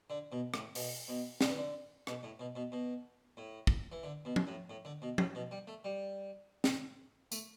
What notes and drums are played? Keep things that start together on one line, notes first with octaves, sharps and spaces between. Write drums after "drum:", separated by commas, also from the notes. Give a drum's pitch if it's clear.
D3
B2
A2, drum: rim click
B2, drum: open hi-hat
B2
D3, drum: snare C4
E3
D3
B2, drum: rim click
A2
B2
B2
B2
A2
drum: kick
E3
D3
B2
drum: tom F3
A2
A2
D3
B2
A2, drum: tom F3
B2
G3
A3
G3
drum: snare C4
A3, drum: tambourine